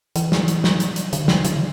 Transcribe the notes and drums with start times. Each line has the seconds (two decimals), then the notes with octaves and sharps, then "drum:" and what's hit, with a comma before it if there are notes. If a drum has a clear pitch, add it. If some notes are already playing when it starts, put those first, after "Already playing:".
0.16 E3, drum: hi-hat
0.32 drum: snare
0.48 drum: hi-hat
0.64 drum: snare
0.80 drum: hi-hat
0.96 drum: hi-hat
1.13 D3, drum: hi-hat
1.28 E3, drum: snare
1.45 D3, drum: hi-hat